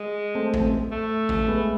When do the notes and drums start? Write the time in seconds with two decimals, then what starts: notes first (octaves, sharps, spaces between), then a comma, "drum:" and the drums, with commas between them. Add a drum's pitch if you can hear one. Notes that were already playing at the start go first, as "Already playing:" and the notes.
Already playing: G#3
0.35 A3 C4
0.54 drum: kick A1
0.91 A3
1.29 drum: kick A1
1.48 G#3 B3